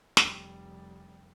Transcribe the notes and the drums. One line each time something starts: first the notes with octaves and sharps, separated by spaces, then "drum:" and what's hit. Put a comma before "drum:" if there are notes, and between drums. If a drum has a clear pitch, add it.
F1 G3, drum: snare